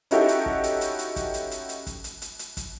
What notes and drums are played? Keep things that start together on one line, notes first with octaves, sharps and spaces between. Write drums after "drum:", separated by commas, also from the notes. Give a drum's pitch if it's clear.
C#4 D#4 E4 F#4 G4 A4, drum: hi-hat
drum: hi-hat
drum: kick
drum: hi-hat
drum: hi-hat
drum: hi-hat
drum: kick, hi-hat
drum: hi-hat
drum: hi-hat
drum: hi-hat
drum: kick, hi-hat
drum: hi-hat
drum: hi-hat
drum: hi-hat
drum: kick, hi-hat